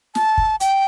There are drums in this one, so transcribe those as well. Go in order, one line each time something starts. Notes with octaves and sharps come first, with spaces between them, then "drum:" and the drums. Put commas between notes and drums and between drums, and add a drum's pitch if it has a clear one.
A5, drum: snare
drum: kick
G5, drum: hi-hat